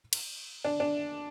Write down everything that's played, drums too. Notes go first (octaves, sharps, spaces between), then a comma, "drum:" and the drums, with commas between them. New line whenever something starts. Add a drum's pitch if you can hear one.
drum: cymbal
D4
D4